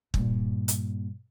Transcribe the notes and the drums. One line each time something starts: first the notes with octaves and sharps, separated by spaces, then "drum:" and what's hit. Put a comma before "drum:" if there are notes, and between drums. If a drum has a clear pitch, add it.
G2 A#2, drum: kick
drum: hi-hat